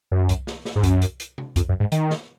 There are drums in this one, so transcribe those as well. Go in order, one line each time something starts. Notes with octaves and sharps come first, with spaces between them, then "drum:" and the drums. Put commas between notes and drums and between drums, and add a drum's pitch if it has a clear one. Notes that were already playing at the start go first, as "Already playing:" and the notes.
F#2
drum: kick C2, hi-hat
drum: snare
drum: snare
G#2
F#2, drum: kick C2, hi-hat
drum: hi-hat
drum: hi-hat
drum: tom C3
F2, drum: kick C2, hi-hat
F#2
G#2
D#3, drum: hi-hat
drum: snare